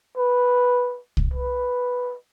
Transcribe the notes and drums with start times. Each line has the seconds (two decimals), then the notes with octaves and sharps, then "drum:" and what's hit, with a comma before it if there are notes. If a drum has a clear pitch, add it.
0.17 B4
1.17 drum: kick C2
1.33 B4